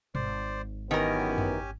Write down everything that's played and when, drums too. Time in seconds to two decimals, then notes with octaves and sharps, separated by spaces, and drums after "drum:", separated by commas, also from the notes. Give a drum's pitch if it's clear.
0.15 G#1 C5 D5, drum: tom B2
0.91 F#2 D#3 E3 B3 C#4 G4 A#4 G#5
1.38 drum: tom F#2